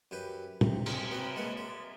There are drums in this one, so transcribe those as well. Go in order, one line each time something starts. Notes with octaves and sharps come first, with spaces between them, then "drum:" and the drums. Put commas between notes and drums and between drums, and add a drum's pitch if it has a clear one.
F#2 G4 B4 G5
C3, drum: tom
C4, drum: cymbal
B3 C4 F#4
G#3 A#3 B3 F#5
D5